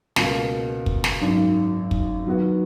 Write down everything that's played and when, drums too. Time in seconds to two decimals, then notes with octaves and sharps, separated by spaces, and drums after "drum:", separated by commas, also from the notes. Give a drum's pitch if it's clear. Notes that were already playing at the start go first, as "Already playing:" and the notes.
0.16 C#2 B2 A#3, drum: snare
0.86 drum: kick
1.04 drum: snare
1.21 G#1 F#2 D#3
1.91 drum: kick
2.26 D#3 F#3 B3 F#4